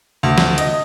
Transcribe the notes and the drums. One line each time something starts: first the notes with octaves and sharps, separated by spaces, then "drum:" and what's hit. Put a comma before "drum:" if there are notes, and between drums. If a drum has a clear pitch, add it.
D2
drum: snare
D#5, drum: hi-hat